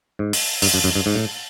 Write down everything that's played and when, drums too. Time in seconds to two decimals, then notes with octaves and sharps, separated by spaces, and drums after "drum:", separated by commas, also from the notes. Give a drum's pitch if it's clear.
0.19 G#2
0.33 drum: open hi-hat
0.62 G2, drum: open hi-hat
0.74 F#2
0.84 F#2
0.95 G2
1.06 G#2
1.15 A2